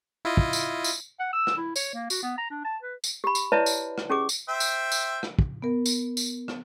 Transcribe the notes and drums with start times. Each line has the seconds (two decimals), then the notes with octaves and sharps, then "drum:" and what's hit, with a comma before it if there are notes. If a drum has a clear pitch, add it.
0.25 E4 F4 D#5
0.37 drum: kick
0.53 drum: tambourine
0.84 drum: tambourine
1.20 F#5
1.33 E6
1.47 drum: rim click
1.57 E4
1.76 C#5, drum: tambourine
1.94 A#3
2.10 F#4, drum: tambourine
2.23 B3
2.38 A#5
2.50 D4
2.65 A5
2.82 B4
3.04 drum: tambourine
3.24 G4 B5
3.35 drum: tambourine
3.52 E4 B4 C#5 D5 E5 A5
3.66 drum: tambourine
3.98 drum: rim click
4.10 C#4 G4 G#4 D6
4.29 drum: tambourine
4.49 C5 E5 G5
4.60 drum: tambourine
4.92 drum: tambourine
5.23 drum: rim click
5.39 drum: kick
5.62 B3 A#4
5.86 drum: tambourine
6.17 drum: tambourine
6.48 drum: rim click